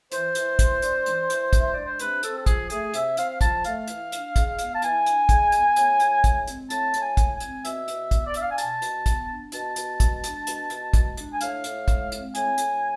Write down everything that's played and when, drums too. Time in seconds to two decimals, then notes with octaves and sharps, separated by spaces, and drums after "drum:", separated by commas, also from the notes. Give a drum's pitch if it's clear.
0.12 E3 C5, drum: hi-hat
0.35 E3, drum: hi-hat
0.59 G#3, drum: kick, hi-hat
0.82 D4, drum: hi-hat
1.06 E3, drum: hi-hat
1.30 E3, drum: hi-hat
1.53 G#3, drum: kick, hi-hat
1.58 E5
1.73 D4 D5
1.86 C5
1.99 C3 B4, drum: hi-hat
2.23 C4 A4, drum: hi-hat
2.37 A4
2.46 F3 G#4, drum: kick, hi-hat
2.70 A3 G#4, drum: hi-hat
2.94 C3 E5, drum: hi-hat
3.17 C4 F5, drum: hi-hat
3.41 F3 A5, drum: kick, hi-hat
3.64 A3 F5, drum: hi-hat
3.88 E3, drum: hi-hat
4.12 D4, drum: hi-hat
4.36 G#3, drum: kick, hi-hat
4.59 B3, drum: hi-hat
4.74 A5
4.82 E3 G#5, drum: hi-hat
5.06 D4, drum: hi-hat
5.29 G#3, drum: kick, hi-hat
5.52 B3, drum: hi-hat
5.76 A2, drum: hi-hat
6.00 A2, drum: hi-hat
6.24 G#3, drum: kick, hi-hat
6.47 C4, drum: hi-hat
6.70 A2 A5, drum: hi-hat
6.94 A2, drum: hi-hat
7.01 G#5
7.17 G#3, drum: kick, hi-hat
7.33 G#5
7.40 C4, drum: hi-hat
7.65 B2 E5, drum: hi-hat
7.88 B2, drum: hi-hat
8.11 B3, drum: kick, hi-hat
8.26 D5
8.34 D4 E5, drum: hi-hat
8.41 F5
8.51 G#5
8.58 B2 A5, drum: hi-hat
8.82 B2, drum: hi-hat
9.06 B3, drum: kick, hi-hat
9.29 D4
9.52 B2 A5, drum: hi-hat
9.76 B2, drum: hi-hat
10.00 G#3, drum: kick, hi-hat
10.24 D4, drum: hi-hat
10.47 B2, drum: hi-hat
10.70 B2, drum: hi-hat
10.93 G#3, drum: kick, hi-hat
11.17 D4, drum: hi-hat
11.33 G#5
11.41 A2 F5, drum: hi-hat
11.64 A2, drum: hi-hat
11.88 G#3, drum: kick, hi-hat
12.12 C4, drum: hi-hat
12.35 A2 G#5, drum: hi-hat
12.58 A2, drum: hi-hat